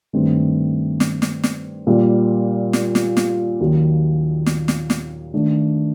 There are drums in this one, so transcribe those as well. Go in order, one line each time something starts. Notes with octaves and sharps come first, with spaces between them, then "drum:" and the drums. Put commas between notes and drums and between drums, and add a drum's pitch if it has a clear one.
G2 D#3 A3 C4
drum: snare
drum: snare
drum: snare
A#2 G3 A#3
drum: snare
drum: snare
drum: snare
D#2 D#3 F#3
drum: snare
drum: snare
drum: snare
D#3 A3 D4